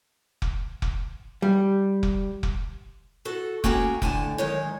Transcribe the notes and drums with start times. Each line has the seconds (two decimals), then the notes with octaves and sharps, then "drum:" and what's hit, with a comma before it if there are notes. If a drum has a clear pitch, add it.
0.42 drum: kick F1
0.82 drum: kick F1
1.42 G3
2.03 drum: kick F1
2.43 drum: kick F1
3.25 F#4 A4
3.64 A#3 C#4 F#4 G#4 G5 A#5, drum: kick F1
4.02 A2 D3 G#5 A5, drum: kick F1
4.38 F#2 D#3 G#3 D#4 C#5